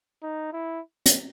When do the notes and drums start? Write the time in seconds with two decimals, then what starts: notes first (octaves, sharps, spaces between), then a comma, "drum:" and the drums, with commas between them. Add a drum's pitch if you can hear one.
0.23 D#4
0.53 E4
1.06 drum: hi-hat